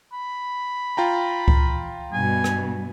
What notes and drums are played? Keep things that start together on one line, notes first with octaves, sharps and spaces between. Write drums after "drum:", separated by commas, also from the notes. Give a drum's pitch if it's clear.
B5
F4 G5 A#5
drum: kick C#2
G2 B2 G#5
drum: rim click